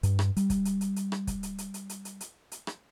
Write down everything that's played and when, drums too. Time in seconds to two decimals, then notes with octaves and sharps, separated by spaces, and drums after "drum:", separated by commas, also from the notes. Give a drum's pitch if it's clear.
0.03 G2, drum: hi-hat
0.19 drum: rim click
0.37 G3, drum: hi-hat
0.50 drum: kick, hi-hat
0.65 drum: hi-hat
0.81 drum: hi-hat
0.96 drum: hi-hat
1.12 drum: rim click
1.27 drum: kick, hi-hat
1.43 drum: hi-hat
1.58 drum: hi-hat
1.74 drum: hi-hat
1.89 drum: hi-hat
2.05 drum: hi-hat
2.21 drum: hi-hat
2.52 drum: hi-hat
2.67 drum: rim click